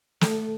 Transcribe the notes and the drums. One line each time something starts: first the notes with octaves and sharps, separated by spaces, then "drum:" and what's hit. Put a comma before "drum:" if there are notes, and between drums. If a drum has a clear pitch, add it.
A3 A4, drum: snare